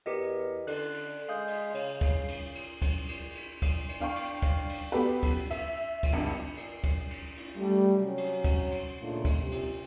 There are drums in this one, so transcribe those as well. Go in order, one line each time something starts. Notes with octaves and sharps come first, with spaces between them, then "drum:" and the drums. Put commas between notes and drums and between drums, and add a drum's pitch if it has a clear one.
E2 G4 A#4 D#5
D3 F#6, drum: cymbal
drum: cymbal
G#3 F5 D#6 G6
drum: cymbal
C#3, drum: cymbal
drum: kick D2, cymbal
drum: cymbal
drum: cymbal
drum: kick D2, cymbal
drum: cymbal
drum: cymbal
drum: kick D2, cymbal
drum: cymbal
D4 F5 G5 C#6
drum: cymbal
drum: kick D2, cymbal
drum: cymbal
B3 F#4 G4 A4 B4
drum: kick D2, cymbal
E5, drum: cymbal
drum: kick D2, cymbal
G#1 C#2 G2 C#7
drum: cymbal
drum: cymbal
drum: kick D2, cymbal
drum: cymbal
drum: cymbal
G3 A3
C3 F#3 C#4
drum: cymbal
drum: kick D2, cymbal
drum: cymbal
A#2 C#3 A3 D4 D#4 F4
drum: kick D2, cymbal
C3
drum: cymbal